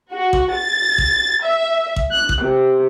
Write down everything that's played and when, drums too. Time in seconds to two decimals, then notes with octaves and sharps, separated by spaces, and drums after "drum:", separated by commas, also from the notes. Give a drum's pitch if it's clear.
0.11 F#4
0.33 drum: kick A1
0.53 A6
0.98 drum: kick A1
1.43 E5
1.96 drum: kick A1
2.13 F#6
2.29 drum: kick A1
2.42 C3